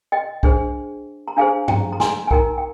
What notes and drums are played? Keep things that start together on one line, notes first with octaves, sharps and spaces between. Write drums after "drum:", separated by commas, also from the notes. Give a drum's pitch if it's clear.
D#5 G5
D4 G#4 C5, drum: kick
A#5
D4 G#4 C5 F5 G#5
G5 A#5, drum: tom G2
A#5
G#5 C6, drum: snare
G#5
D#4 A#4 G5 A#5, drum: kick
G5